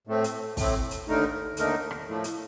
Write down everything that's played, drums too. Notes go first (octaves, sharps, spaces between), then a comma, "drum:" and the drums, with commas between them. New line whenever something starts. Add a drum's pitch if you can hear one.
A2 A3 C4
drum: hi-hat
A2 A3 C4, drum: kick, open hi-hat
drum: hi-hat
D#2 D3 A3 D#4 A#4
D#2 D3 A3 D#4 A#4, drum: hi-hat
drum: rim click
A2 F3 A3
drum: hi-hat